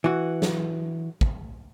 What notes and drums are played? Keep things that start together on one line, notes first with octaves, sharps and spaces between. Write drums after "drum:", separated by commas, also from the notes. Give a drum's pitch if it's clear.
E3 F#4
drum: snare
drum: kick